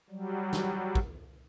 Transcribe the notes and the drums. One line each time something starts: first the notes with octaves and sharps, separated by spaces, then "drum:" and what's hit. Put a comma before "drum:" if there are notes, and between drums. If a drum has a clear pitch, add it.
F#3 G3
drum: snare
drum: kick